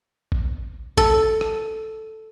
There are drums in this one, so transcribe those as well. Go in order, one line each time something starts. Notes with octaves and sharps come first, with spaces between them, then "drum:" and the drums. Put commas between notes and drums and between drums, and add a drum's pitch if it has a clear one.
drum: kick A1
A4, drum: kick A1
drum: rim click